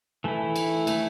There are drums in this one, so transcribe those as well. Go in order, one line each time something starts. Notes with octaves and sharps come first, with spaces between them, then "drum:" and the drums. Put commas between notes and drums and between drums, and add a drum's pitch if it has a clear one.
E3 A3 E4
drum: cymbal
E3 A3 E4, drum: cymbal